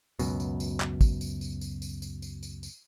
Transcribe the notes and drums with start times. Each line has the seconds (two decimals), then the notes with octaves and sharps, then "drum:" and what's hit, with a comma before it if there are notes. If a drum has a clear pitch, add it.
0.19 C#2 F#2 B2, drum: tambourine
0.40 drum: tambourine
0.60 drum: tambourine
0.80 drum: clap
1.01 drum: kick, tambourine
1.21 drum: tambourine
1.41 drum: tambourine
1.61 drum: tambourine
1.82 drum: tambourine
2.02 drum: tambourine
2.22 drum: tambourine
2.43 drum: tambourine
2.63 drum: tambourine